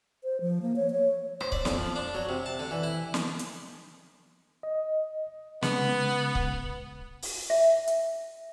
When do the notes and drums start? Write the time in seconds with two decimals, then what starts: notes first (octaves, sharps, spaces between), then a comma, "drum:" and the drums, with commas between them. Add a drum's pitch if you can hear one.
0.24 C5
0.41 F3
0.62 A#3
0.76 C#5
0.90 C#5
1.41 C5, drum: rim click
1.52 D5, drum: kick C#1
1.65 F2, drum: snare
1.78 F3
1.96 D4
2.14 F#3
2.29 C3
2.46 A5
2.60 D3
2.71 E3
2.83 E4
3.14 drum: snare
3.39 drum: hi-hat
4.63 D#5
5.62 C#3 G#3 B3, drum: snare
6.35 drum: kick C#1
7.22 drum: open hi-hat
7.50 E5
7.88 drum: hi-hat